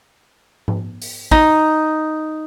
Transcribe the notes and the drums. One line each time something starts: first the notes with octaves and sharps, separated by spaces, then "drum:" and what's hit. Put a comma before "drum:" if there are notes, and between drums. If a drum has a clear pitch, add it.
drum: tom G#2
drum: open hi-hat
D#4, drum: kick